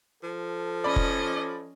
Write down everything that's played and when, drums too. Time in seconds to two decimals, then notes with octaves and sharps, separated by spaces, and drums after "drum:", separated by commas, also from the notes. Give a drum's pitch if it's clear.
0.23 F3 A4
0.84 C#4 D5 D#5 B5
0.96 drum: kick F1